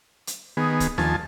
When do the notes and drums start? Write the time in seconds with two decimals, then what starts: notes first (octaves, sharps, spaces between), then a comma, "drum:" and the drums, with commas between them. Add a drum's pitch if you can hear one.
0.27 drum: hi-hat
0.57 D#3 B3 G#4
0.80 drum: kick, hi-hat
0.98 D#2 F3 G#5 A5, drum: snare D4